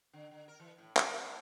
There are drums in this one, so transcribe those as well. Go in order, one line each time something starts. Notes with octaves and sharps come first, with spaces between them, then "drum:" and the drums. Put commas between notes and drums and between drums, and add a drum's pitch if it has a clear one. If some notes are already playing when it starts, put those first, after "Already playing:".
D3
D3
A#4
E3
A2
A3, drum: clap
B4
A#3